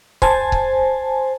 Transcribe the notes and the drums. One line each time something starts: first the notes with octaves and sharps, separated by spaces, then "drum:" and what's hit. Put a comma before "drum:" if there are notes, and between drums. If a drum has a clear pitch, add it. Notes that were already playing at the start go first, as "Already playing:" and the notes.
C5 G#5 A5, drum: kick C#1
drum: kick C#1